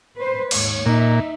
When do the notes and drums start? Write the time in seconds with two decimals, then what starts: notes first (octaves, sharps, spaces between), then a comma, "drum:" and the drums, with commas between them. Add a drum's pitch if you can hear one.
0.17 B4 C5
0.51 D#2 G#2 C#5, drum: cymbal
0.86 A#2 D#4 E5